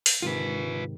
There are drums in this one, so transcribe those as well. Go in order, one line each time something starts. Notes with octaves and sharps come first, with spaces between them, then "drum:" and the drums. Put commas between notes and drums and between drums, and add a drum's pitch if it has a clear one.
drum: open hi-hat
G#2 C3 D#3 F4 B4